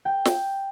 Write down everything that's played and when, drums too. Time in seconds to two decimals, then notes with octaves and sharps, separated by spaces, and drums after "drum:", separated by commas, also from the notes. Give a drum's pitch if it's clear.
0.05 G5
0.25 drum: snare